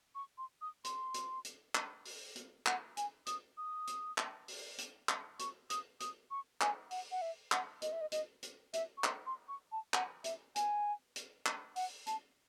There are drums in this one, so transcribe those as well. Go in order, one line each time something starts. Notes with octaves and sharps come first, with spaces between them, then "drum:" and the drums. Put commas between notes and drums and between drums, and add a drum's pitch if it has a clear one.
C#6
C6
D#6
C6, drum: hi-hat
drum: hi-hat
drum: hi-hat
drum: clap
drum: open hi-hat
drum: hi-hat
F#5, drum: clap
G#5, drum: hi-hat
D#6, drum: hi-hat
D#6
drum: hi-hat
drum: clap
drum: open hi-hat
drum: hi-hat
drum: clap
C#6, drum: hi-hat
D#6, drum: hi-hat
D#6, drum: hi-hat
C#6
G#5, drum: clap
F#5, drum: open hi-hat
F#5
E5
F#5, drum: clap
D#5, drum: hi-hat
E5
D#5
D#5, drum: hi-hat
drum: hi-hat
E5, drum: hi-hat
C#6
C6, drum: clap
C6
C#6
A5
F#5, drum: clap
E5, drum: hi-hat
G#5, drum: hi-hat
drum: hi-hat
drum: clap
F#5, drum: open hi-hat
A5, drum: hi-hat